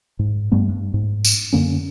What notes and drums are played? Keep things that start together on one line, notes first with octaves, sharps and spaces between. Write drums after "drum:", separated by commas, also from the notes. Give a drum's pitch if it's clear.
G#2
G2 G3 A3 B3
G2
G#2
drum: tambourine
F#2 D3 A#3 C#4